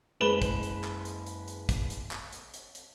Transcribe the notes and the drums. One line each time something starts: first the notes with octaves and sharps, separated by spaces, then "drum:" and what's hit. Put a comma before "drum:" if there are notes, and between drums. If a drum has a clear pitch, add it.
F#1 G#3 B4 E7 F#7 G7
drum: kick, hi-hat
drum: hi-hat
drum: clap
drum: hi-hat
drum: hi-hat
drum: hi-hat
drum: kick, hi-hat
drum: hi-hat
drum: clap
drum: hi-hat
drum: hi-hat
drum: hi-hat